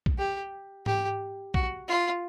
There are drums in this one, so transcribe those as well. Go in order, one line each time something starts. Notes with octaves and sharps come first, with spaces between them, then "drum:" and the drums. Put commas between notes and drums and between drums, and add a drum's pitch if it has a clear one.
drum: kick A#1
G4
G4, drum: tom G#2
F#4, drum: kick A#1
F4